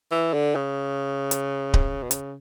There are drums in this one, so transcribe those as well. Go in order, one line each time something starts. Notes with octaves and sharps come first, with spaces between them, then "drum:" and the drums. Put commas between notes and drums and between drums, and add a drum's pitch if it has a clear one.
E3
D3
C#3
drum: hi-hat
drum: kick D1
B2
C#3, drum: hi-hat